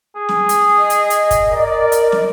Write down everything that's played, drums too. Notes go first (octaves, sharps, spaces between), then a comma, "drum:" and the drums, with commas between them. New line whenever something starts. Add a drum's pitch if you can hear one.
G#4
drum: snare
drum: hi-hat
D#5
drum: hi-hat
drum: hi-hat
drum: kick, hi-hat
A#4 D5
drum: hi-hat
drum: snare